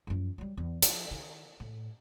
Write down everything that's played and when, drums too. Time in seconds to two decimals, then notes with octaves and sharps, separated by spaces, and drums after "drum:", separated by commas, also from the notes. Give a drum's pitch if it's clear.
0.07 F#2 F3
0.38 F#3 G3
0.57 E2
0.82 F3, drum: hi-hat
1.11 D#3
1.60 A2